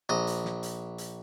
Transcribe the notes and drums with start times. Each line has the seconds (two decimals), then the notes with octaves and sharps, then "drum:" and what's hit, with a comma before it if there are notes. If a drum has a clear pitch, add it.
0.09 A#1 D#5
0.27 drum: hi-hat
0.45 drum: snare
0.63 drum: hi-hat
0.98 drum: hi-hat